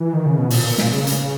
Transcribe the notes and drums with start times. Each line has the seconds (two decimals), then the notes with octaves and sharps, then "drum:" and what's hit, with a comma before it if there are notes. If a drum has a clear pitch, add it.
0.00 E3
0.13 D#3
0.26 C#3
0.38 B2
0.50 A#2, drum: open hi-hat
0.64 A#2
0.78 A#2, drum: snare
0.93 C#3
1.07 drum: hi-hat